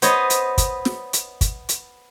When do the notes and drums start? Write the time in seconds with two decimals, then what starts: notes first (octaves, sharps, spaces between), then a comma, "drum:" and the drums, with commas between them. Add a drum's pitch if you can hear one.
0.02 B3 C5 C#5 D#5, drum: hi-hat
0.30 drum: hi-hat
0.58 drum: kick, hi-hat
0.85 drum: snare
1.13 drum: hi-hat
1.41 drum: kick, hi-hat
1.69 drum: hi-hat